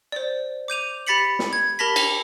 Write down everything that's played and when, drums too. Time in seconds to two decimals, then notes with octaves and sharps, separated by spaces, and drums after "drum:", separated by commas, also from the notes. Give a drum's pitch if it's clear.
0.12 C5 D5
0.68 D6 G6 D#7 F7
1.07 G4 B5 A6 B6 C#7 F#7
1.39 drum: snare
1.53 G#6
1.79 G4 A#4 A5 B5 A#6 B6
1.96 drum: cymbal